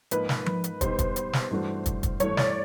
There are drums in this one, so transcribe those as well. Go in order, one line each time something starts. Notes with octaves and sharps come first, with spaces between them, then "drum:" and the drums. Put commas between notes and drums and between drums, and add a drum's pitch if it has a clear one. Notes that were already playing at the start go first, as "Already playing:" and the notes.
G#2 F3 A#3 D#4 B4, drum: hi-hat
drum: snare
drum: tom F3
drum: hi-hat
B2 G3 B3 D#4 C5, drum: kick, hi-hat
drum: kick, hi-hat
drum: hi-hat
drum: snare
G2 E3 A3 D4 F#4
drum: kick, hi-hat
drum: kick, hi-hat
G2 E3 A3 C#5, drum: hi-hat
D5, drum: snare